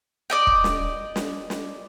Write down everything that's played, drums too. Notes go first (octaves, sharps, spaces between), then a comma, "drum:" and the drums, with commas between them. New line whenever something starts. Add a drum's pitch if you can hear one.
D5 D#5 G5
drum: kick
drum: snare
drum: snare
drum: snare